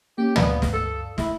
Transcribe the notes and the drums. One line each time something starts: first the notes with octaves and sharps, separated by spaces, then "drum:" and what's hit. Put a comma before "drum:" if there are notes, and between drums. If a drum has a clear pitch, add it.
A#3 C#4 G4
B3 D5 F5 D#6, drum: tom
drum: snare
A4
E4, drum: snare